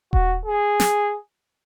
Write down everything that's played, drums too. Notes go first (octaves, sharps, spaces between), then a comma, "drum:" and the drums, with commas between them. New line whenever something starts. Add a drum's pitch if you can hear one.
F#4, drum: kick D#1
G#4
drum: snare